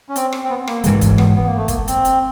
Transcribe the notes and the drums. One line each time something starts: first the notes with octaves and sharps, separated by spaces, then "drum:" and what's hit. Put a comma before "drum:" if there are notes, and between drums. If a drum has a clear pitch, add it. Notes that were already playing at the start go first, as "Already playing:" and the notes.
C#4
C4, drum: hi-hat
drum: rim click
C4
B3
A#3, drum: rim click
G#2 E3 G#3, drum: hi-hat
drum: kick, hi-hat
B3, drum: rim click
B3
A#3
A3
A#3, drum: kick, hi-hat
C4, drum: hi-hat
drum: hi-hat